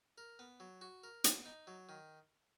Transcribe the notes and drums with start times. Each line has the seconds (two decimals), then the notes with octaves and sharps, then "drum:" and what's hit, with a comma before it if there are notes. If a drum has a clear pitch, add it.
0.18 A#4
0.39 B3
0.60 F#3
0.81 F#4
1.04 A#4
1.24 B3, drum: hi-hat
1.46 D#4
1.67 F#3
1.89 D#3